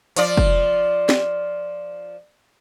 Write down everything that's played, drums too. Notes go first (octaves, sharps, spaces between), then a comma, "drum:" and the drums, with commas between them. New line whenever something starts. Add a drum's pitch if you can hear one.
F3 F4 D5, drum: hi-hat
drum: kick
drum: snare